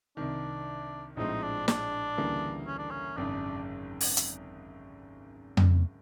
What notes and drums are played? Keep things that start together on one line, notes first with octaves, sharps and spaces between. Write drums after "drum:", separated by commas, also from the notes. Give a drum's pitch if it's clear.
C2 C3 D#3 D4
A#1 A2 F3 G#3 C4 D#4
D4
D4, drum: snare
D2 C#3 E3 G3 A#3
C#4
D4
C#4
G#1 F#2 C#3 D4
drum: open hi-hat
drum: hi-hat
drum: tom F2